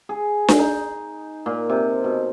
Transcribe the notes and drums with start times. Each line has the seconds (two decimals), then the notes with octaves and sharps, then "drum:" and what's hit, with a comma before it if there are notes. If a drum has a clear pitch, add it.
0.09 G#4
0.48 drum: snare D4
0.59 D#4
1.46 A#2
1.70 C3
2.04 B2